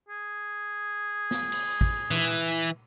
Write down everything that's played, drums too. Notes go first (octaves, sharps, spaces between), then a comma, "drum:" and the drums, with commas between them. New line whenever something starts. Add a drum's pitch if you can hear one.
G#4
drum: snare
drum: cymbal
drum: kick
E3, drum: tom A#2